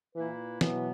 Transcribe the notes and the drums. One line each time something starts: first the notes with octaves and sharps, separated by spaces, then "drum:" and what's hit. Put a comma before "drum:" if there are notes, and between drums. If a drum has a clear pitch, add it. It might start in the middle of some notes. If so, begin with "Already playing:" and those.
A#2 E3 A#3 E4 B4
B2 E3 F#3 B3, drum: snare